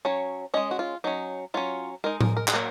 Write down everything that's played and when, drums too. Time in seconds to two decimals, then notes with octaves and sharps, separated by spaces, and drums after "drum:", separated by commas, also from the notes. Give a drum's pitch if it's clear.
0.05 F#3 C#4 C#5
0.54 G#3 C#4 D#5
0.71 F#4
0.79 F4
1.04 F#3 C#4 D#4
1.54 F#3 C#4 F4
2.04 G#3 D#4 A#4
2.21 A#4, drum: tom A2
2.37 A#4
2.48 G#4, drum: clap
2.53 F#3 A#3 A#4